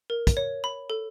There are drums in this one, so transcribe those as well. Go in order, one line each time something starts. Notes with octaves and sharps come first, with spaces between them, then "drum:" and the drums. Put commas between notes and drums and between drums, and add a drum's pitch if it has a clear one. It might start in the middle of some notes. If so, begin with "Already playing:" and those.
A#4
drum: kick, hi-hat
C#5
B5
A4